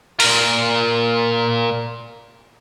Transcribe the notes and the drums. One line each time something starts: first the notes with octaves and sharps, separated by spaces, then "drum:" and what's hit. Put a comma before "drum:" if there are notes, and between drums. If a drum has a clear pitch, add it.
A#2 A#4, drum: open hi-hat